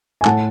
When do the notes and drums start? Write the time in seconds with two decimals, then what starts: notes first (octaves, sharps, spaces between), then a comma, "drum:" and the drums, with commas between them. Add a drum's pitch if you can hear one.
0.21 G#5
0.25 A2 F#5 A5, drum: clap